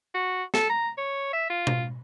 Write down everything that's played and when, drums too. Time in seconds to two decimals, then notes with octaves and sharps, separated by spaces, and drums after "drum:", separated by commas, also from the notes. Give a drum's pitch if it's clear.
0.14 F#4
0.54 A4, drum: snare
0.69 A#5
0.98 C#5
1.33 E5
1.50 F4
1.67 drum: tom B2